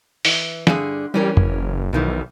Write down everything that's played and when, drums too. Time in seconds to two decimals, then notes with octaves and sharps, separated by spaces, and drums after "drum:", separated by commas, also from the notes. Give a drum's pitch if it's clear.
0.25 E3, drum: open hi-hat
0.67 G2 D3 G#4, drum: snare
1.14 E3 G3 C#4 A#4
1.37 F#1, drum: tom
1.93 B1 F2 D#3 E3